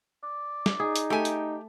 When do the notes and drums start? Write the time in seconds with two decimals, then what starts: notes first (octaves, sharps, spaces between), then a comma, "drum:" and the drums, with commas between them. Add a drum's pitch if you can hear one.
0.23 D5
0.66 drum: snare
0.80 D#4 G#4
0.96 drum: hi-hat
1.10 A3 G4 G#5
1.25 drum: hi-hat